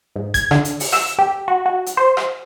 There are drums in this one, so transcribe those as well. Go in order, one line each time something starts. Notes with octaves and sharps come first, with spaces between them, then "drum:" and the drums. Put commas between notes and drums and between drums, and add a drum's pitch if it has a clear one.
G#2
G#6, drum: kick G#1, hi-hat
D3, drum: rim click
drum: hi-hat
drum: open hi-hat
E6, drum: rim click
G4
F#4
F#4
drum: hi-hat
C5
drum: rim click